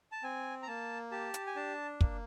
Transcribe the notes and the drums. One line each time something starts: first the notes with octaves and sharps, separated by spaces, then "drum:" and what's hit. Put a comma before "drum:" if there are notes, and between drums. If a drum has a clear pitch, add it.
A5
C4 G#5
A#5
A#3 A5
G4 A5
drum: hi-hat
G#5
D4 A5
A#3, drum: kick